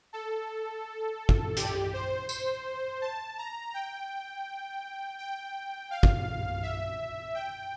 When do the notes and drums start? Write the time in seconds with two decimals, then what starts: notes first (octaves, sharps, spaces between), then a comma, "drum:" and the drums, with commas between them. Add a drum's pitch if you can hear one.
0.13 A4
1.29 drum: kick
1.57 G4, drum: hi-hat
1.94 C5
2.29 C5, drum: tambourine
3.02 A5
3.38 A#5
3.74 G5
5.18 G5
5.91 F5
6.03 drum: kick
6.63 E5
7.35 G5